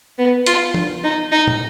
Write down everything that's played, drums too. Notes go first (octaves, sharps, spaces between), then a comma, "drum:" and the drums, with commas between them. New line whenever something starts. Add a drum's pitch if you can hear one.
B3
F4, drum: hi-hat
drum: tom F3
D#4
D#4
drum: tom